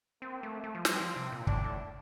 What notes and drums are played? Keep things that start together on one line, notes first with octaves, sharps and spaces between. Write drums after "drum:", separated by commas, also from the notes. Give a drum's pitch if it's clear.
A#3 C4
A3
A3
F3
G3 C4, drum: snare
F3
C3
A#2
A2 D4, drum: kick
A2